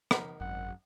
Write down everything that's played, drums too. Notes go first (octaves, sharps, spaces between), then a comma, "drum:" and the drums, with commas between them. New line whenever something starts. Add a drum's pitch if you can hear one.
D#4 A#4 B5, drum: rim click
G#1 F#2 F#5